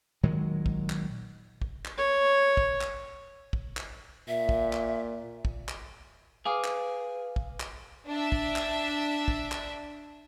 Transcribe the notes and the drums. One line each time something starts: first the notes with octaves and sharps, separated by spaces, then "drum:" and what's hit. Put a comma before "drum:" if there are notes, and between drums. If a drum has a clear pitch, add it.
A#2 D#3 F#3 G#3
drum: kick
drum: clap
drum: kick
drum: clap
C#5
drum: kick
drum: clap
drum: kick
drum: clap
A#2 E5
drum: kick
drum: clap
drum: kick
drum: clap
G#4 B4 F5 D6
drum: clap
drum: kick
drum: clap
D4 E5
drum: kick
drum: clap
drum: kick
drum: clap